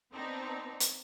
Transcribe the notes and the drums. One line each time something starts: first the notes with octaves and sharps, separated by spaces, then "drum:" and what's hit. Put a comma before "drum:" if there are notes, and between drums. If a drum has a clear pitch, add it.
B3 C4 D4 D#4
drum: hi-hat